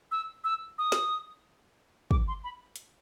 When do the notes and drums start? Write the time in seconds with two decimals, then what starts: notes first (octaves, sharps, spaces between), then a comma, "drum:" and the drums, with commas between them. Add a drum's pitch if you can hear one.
0.11 E6
0.44 E6
0.78 D#6
0.92 drum: snare
2.11 D6, drum: kick
2.28 C6
2.44 B5
2.76 drum: hi-hat